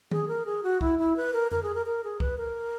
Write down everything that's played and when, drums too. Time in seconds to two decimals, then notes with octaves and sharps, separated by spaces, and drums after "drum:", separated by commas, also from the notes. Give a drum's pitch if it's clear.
0.11 G#4, drum: tom D#3
0.28 A#4
0.46 G#4
0.63 F#4
0.81 E4, drum: kick
0.99 E4
1.16 B4
1.33 A#4
1.51 A#4, drum: tom F2
1.63 G#4
1.75 A#4
1.86 A#4
2.04 G#4
2.20 B4, drum: kick
2.38 A#4